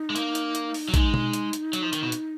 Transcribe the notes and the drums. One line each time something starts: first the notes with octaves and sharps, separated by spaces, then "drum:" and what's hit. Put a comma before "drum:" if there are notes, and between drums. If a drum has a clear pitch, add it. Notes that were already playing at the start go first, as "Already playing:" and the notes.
Already playing: D#4
G#3
A#3, drum: hi-hat
drum: hi-hat
drum: hi-hat
drum: open hi-hat
F#3
G#3 D#4, drum: kick, hi-hat
drum: tom B2
drum: hi-hat
drum: hi-hat
F#3, drum: hi-hat
F3
D#3, drum: hi-hat
B2
drum: hi-hat